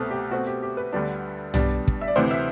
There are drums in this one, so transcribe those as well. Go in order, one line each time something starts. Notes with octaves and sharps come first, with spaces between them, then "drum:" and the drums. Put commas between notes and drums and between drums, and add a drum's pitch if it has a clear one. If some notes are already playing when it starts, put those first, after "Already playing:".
Already playing: C2 B2 A3 C4 A4
G4
B2 A3 C4 F#4
G4
G4
B4
D2 D3 G3 B3 D4
B2 G3 D4, drum: tom
drum: kick
E5
D5
D2 C3 E3 C5
E5